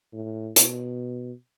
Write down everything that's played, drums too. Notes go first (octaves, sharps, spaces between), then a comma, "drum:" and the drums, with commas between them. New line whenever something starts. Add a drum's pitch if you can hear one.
A2
B2, drum: hi-hat